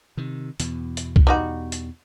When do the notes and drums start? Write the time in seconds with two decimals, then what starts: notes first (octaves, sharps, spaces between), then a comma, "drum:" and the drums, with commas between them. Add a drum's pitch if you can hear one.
0.17 C3 D#3
0.60 E2 B2, drum: hi-hat
0.97 drum: hi-hat
1.16 drum: kick C2
1.27 G3 D#4 F#4
1.72 drum: hi-hat